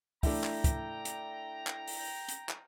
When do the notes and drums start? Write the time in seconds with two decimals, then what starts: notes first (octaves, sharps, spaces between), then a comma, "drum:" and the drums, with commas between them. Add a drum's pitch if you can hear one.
0.23 A3 D4 E4 G5 A#5, drum: kick, open hi-hat
0.44 drum: clap
0.64 drum: kick, hi-hat
1.05 drum: hi-hat
1.67 drum: clap
1.87 drum: open hi-hat
2.29 drum: hi-hat
2.49 drum: clap